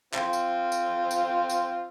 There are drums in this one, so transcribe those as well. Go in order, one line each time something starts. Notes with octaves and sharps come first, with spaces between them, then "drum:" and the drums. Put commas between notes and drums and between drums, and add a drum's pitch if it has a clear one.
C4 F4, drum: clap
drum: tambourine
drum: tambourine
drum: tambourine
drum: tambourine